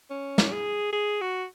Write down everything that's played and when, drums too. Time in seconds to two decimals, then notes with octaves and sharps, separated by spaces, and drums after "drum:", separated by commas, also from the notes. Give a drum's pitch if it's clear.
0.10 C#4
0.38 drum: snare
0.52 G#4
0.93 G#4
1.21 F#4